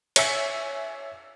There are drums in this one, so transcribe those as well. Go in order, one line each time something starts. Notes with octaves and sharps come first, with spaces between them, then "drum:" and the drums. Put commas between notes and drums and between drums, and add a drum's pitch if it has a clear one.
C#5 E5 G#5 E6 B6 C#7, drum: cymbal